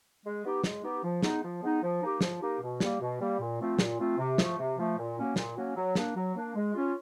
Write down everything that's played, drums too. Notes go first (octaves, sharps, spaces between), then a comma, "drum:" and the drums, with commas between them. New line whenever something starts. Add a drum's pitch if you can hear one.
G#3
B3 D#4 G4
G#3, drum: snare
B3 D#4 G4
F3
G#3 B3 D#4, drum: snare
F3
G#3 B3 D#4
F3
A#3 D#4 G4
F3, drum: snare
A#3 D#4 G4
B2
G3 A#3, drum: snare
B2
G3 A#3
A#2
F3 A3 C4 F4
A#2, drum: snare
F3 A3 C4 F4
C3
F3 A3, drum: snare
C3
F3 A3
A#2
F#3 A#3 C#4
A#2, drum: snare
F#3 A#3 C#4
F#3
A#3 D4, drum: snare
F#3
A#3 D4
G#3
C#4 F4